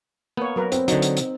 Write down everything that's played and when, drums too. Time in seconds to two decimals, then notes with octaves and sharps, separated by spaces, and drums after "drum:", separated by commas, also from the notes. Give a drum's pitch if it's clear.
0.37 A#3 B3 C#5
0.56 F#3 A#4 B4
0.72 C4, drum: hi-hat
0.88 D3 F#3 D#4, drum: hi-hat
1.02 drum: hi-hat
1.17 drum: hi-hat